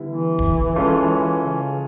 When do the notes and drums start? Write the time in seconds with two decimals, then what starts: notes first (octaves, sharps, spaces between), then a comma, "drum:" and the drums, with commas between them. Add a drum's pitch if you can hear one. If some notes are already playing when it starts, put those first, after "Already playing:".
Already playing: D3 G3 B3 E4
0.09 E3
0.39 drum: kick D1
0.75 G#3 C#4 F4 A4
1.42 C#3